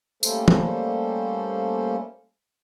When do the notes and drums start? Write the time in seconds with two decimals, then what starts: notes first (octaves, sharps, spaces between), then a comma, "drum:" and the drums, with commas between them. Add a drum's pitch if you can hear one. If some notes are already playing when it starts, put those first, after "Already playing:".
0.23 G3 A3 A#3 C#4 A4 C5, drum: tambourine
0.48 drum: tom